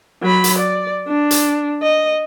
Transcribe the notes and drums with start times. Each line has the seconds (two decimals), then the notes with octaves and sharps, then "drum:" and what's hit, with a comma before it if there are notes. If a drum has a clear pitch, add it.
0.23 F#3 B5
0.44 drum: hi-hat
0.59 D5
1.08 D4
1.31 drum: hi-hat
1.83 D#5